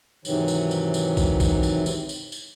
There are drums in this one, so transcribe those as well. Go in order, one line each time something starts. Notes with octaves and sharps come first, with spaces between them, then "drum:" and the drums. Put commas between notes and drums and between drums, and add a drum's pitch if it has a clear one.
G#2 C3 D#3 E3 F#3, drum: tambourine
drum: tambourine
drum: tambourine
drum: tambourine
drum: kick, tambourine
drum: kick, tambourine
drum: tambourine
drum: tambourine
drum: tambourine
drum: tambourine